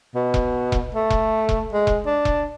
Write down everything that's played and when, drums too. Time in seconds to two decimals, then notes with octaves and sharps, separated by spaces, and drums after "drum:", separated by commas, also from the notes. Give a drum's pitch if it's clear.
0.15 B2
0.34 drum: kick E1
0.72 drum: kick E1
0.95 A3
1.10 drum: kick E1
1.49 drum: kick E1
1.73 G#3
1.87 drum: kick E1
2.06 D4
2.25 drum: kick E1